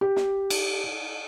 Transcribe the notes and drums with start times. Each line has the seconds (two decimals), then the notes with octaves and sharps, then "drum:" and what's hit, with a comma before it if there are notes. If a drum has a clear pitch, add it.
0.01 G4
0.16 drum: snare
0.50 drum: cymbal